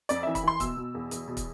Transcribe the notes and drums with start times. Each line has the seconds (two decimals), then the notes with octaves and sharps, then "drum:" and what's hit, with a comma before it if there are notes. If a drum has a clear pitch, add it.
0.09 F2 D5, drum: hi-hat
0.23 E3 E5
0.35 B5, drum: kick, hi-hat
0.44 E3 C6
0.60 B2 E6, drum: kick, hi-hat
0.77 B2
0.95 E2
1.11 E2, drum: hi-hat
1.28 B2
1.37 drum: kick, hi-hat